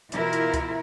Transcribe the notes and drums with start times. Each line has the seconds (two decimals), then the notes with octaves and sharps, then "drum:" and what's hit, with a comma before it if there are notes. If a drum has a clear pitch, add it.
0.12 B2 E3 E4 F4 A#4, drum: hi-hat
0.33 drum: hi-hat
0.54 drum: kick C#2, hi-hat